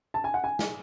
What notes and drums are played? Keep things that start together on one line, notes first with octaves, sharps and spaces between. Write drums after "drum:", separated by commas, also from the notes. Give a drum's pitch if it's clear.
A5
G#5
F#5
G#5
drum: snare